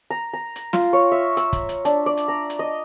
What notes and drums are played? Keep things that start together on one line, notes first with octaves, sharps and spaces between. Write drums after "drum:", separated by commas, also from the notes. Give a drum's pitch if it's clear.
A#5
A#5
drum: hi-hat
F4, drum: snare
C#5
E5
E6, drum: hi-hat
drum: kick, hi-hat
drum: hi-hat
D4, drum: hi-hat
D5
drum: hi-hat
A#5
drum: hi-hat
D#5